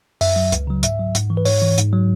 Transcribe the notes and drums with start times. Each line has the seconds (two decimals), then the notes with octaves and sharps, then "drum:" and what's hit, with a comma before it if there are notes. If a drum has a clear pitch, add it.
0.21 F#2 E5, drum: open hi-hat
0.36 F#3
0.52 C#2, drum: hi-hat
0.67 C#3 F#3
0.83 G#2 E5, drum: hi-hat
0.99 F#3
1.15 G#2, drum: hi-hat
1.30 E3
1.37 B4
1.45 G#2 C#5, drum: open hi-hat
1.62 E3
1.78 G#2, drum: hi-hat
1.93 F#3